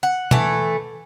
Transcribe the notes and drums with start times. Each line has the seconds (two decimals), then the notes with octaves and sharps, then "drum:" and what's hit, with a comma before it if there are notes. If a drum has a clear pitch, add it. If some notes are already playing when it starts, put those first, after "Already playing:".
0.03 F#5
0.31 E3 A3, drum: tom B2